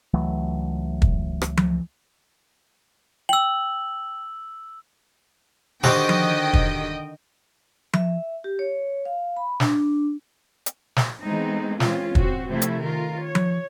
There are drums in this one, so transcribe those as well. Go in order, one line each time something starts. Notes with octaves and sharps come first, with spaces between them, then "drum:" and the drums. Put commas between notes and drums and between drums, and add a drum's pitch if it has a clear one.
C#2 E3 F#3 A3
drum: kick
drum: rim click
drum: tom F3
G5 E6 F#7
D3 D#3 F#4 G4 C5 D#5 G5, drum: snare
drum: tom F3
drum: kick
E5, drum: tom F3
G4
C#5
F5
B5
D4, drum: snare
drum: hi-hat
drum: snare
E3 G#3 A3 B3 C4 D#4
E3 G#3 C4 C#4 F4, drum: snare
C4 F#4, drum: kick
C3 F3 A3 C4 E4
drum: hi-hat
D#3 F4 A#4
C#5
drum: tom F3